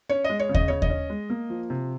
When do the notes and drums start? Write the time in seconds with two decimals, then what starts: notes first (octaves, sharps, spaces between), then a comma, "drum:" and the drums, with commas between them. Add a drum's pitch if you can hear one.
0.09 C#4 C#5
0.24 D#5
0.29 G#3
0.39 C#5
0.49 C#3
0.54 D#5, drum: kick D#2
0.68 C#3 C#5
0.82 D#5, drum: kick D#2
0.90 C#4
1.10 G#3
1.30 A#3
1.50 F3
1.70 C3